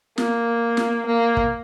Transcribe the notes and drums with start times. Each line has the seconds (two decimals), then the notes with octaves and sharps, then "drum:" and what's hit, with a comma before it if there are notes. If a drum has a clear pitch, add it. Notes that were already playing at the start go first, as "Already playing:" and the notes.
0.18 A#3, drum: snare
0.77 drum: snare
1.07 A#3
1.37 drum: kick